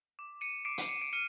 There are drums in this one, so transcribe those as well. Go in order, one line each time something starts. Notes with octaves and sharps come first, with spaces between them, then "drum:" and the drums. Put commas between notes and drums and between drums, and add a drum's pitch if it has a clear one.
D6
C#7 D#7
D6 C7 D7
drum: hi-hat
C#7 D#7
D7
F6 C#7 D#7